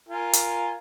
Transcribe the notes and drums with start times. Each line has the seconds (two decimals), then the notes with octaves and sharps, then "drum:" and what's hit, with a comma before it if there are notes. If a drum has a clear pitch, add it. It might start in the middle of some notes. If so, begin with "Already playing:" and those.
0.09 F4 A#4 G#5
0.33 drum: hi-hat